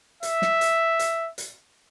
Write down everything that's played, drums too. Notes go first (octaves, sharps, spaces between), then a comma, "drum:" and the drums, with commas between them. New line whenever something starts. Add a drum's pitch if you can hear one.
E5, drum: hi-hat
drum: snare
drum: hi-hat
drum: hi-hat
drum: hi-hat